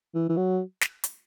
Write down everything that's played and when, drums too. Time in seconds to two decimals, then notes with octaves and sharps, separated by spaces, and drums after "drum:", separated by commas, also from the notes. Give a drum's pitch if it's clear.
0.15 E3
0.29 E3
0.37 F#3
0.81 drum: snare
1.04 drum: hi-hat